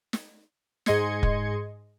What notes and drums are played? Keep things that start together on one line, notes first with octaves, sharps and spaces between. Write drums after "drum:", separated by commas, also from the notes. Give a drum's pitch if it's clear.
drum: snare
G#2 G#4 D#5 C6 G#6 C#7, drum: snare
drum: kick